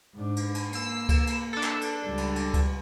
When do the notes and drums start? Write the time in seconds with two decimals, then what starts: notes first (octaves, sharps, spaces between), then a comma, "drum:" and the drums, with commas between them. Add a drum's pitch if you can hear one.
0.15 G#2 D4
0.36 drum: cymbal
0.55 drum: cymbal
0.73 A#3 E6 C7, drum: cymbal
1.09 drum: kick C#2, cymbal
1.27 drum: cymbal
1.53 D4 A4
1.63 drum: clap
1.81 drum: cymbal
2.04 C#2 G3
2.18 drum: cymbal
2.36 drum: cymbal
2.54 drum: kick C#2, cymbal